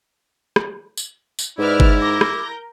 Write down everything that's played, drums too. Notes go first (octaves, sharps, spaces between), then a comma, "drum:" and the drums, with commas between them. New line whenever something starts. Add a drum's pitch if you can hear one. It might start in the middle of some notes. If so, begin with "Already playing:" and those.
drum: rim click
drum: tambourine
drum: tambourine
G#2 E4 B4 D5 E5 F6
drum: kick G1
A#4 D6 G6 A#6
drum: rim click